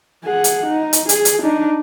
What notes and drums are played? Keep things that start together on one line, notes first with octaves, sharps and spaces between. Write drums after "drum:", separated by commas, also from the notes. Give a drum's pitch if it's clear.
G#4 F#5
drum: hi-hat
D#4
drum: hi-hat
G#4, drum: hi-hat
drum: hi-hat
D4 D#4